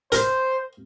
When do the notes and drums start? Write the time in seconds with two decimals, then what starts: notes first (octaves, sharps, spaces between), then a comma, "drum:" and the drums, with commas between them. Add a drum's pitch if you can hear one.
0.12 A#4 C5, drum: hi-hat